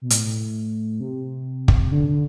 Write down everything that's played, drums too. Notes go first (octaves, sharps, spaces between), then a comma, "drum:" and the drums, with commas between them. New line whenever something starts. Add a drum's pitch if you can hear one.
B2
A2, drum: hi-hat
C3
drum: kick
D3
D3